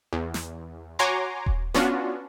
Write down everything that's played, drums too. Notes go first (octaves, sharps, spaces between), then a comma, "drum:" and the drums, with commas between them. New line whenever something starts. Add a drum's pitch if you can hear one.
E2
drum: snare
F#4 C#5 G#5 A#5 C6 D6
drum: kick D#1
B3 C#4 D4 F4 F#4, drum: snare